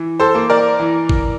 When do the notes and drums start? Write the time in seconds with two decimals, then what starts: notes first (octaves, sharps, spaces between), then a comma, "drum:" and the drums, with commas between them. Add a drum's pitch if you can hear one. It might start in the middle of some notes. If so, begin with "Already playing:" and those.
Already playing: E3
0.20 A4 C5
0.35 A#3
0.50 A#4 D5
0.80 E3
1.09 drum: kick